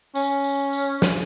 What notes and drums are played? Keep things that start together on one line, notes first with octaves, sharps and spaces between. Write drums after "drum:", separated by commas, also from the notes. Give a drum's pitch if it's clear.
C#4, drum: tambourine
drum: tambourine
drum: tambourine
drum: snare